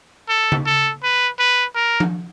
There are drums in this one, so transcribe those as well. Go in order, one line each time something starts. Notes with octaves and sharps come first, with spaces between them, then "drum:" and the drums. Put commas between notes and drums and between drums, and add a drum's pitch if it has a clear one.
A4
drum: tom C#3
A4
B4
B4
A#4
drum: tom F3